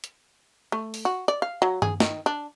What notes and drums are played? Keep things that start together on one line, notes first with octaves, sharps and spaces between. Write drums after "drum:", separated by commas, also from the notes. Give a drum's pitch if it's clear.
drum: hi-hat
A3
drum: open hi-hat
F#4
D5
F5
F#3
G#4, drum: tom G2
D#3, drum: snare
D4